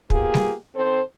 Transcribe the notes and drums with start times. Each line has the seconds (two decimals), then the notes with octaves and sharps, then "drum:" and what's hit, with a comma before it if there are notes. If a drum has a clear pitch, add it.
0.10 A#3 B3 F4 G4 G#4, drum: kick
0.34 drum: snare G3
0.76 D#3 C4 A4 C5